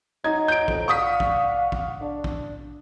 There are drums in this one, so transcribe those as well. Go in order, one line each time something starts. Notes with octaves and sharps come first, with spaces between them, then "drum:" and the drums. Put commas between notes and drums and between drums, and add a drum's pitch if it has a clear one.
F#3 D#4 D#5 A#5 G#6
G6 D7
F2, drum: kick
D5 F5 F#5 C#6 D#6 B6
drum: kick
drum: kick
D4
drum: kick